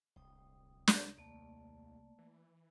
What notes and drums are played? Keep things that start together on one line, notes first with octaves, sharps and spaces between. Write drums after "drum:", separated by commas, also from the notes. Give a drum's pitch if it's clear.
D1 C2 G5 D#6
drum: snare
D#2 A3 A#3 D5
E3